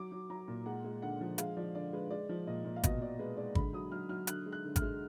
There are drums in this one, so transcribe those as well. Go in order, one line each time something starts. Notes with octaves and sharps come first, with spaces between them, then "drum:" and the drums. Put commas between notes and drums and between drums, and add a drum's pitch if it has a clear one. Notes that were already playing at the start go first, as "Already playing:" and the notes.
Already playing: F#3 D6
F#3
F#3 A#5
A#2
G#3 F#5
G#3
D3 F#5
F3
G#3 F5, drum: hi-hat
F3 D5
D3 D5
G#3 B4
G#3 D5
F3
A#2 D#5
A#2
F5
B2 D#5, drum: kick, hi-hat
B2 D5
G#3 B4
G#3 D5
D3 B5, drum: kick
F#3 D#6
F#3 F6
F#3 F6
D3 F#6, drum: hi-hat
G#3
F#6
D3
F6, drum: kick, hi-hat
G#3